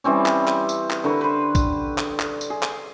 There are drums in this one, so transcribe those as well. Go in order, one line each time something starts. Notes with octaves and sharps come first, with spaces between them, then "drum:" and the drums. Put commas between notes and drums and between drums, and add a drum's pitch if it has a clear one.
E3 G3 C4 C#4
drum: clap
drum: clap
drum: tambourine
drum: clap
D3 A#4 B4 C#6
B4 C5
drum: kick, tambourine
drum: clap
drum: clap
drum: tambourine
G#4
drum: clap